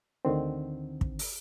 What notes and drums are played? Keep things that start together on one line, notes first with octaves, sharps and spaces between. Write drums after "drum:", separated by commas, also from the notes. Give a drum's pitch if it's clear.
D2 D3 D#3 C4
drum: kick
drum: open hi-hat